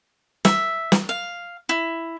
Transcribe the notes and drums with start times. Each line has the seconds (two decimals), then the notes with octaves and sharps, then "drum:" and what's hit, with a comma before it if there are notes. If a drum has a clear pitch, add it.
0.45 E5, drum: snare
0.92 drum: snare
1.09 F5
1.69 E4